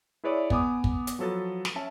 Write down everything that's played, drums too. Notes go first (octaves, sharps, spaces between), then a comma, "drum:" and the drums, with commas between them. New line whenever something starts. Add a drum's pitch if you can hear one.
E4 G#4 B4 C#5 D5 E5
B3 G#5 D6 D#6, drum: kick
drum: kick
drum: hi-hat
F3 F#3 A4 B4 A6
drum: snare
C#4 E5 A5